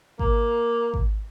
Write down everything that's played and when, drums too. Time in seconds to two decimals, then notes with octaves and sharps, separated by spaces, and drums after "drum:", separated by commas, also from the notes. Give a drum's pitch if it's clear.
0.19 A#3, drum: kick G#1
0.94 drum: kick G#1